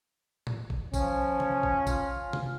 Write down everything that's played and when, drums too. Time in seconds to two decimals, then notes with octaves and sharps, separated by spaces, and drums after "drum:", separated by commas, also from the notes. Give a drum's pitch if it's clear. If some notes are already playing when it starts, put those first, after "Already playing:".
0.47 drum: tom A2
0.70 drum: kick G#1
0.94 F3 C#4, drum: kick G#1, tambourine
1.40 drum: tom C3
1.63 drum: kick G#1
1.87 F4, drum: kick G#1, tambourine
2.33 drum: tom C3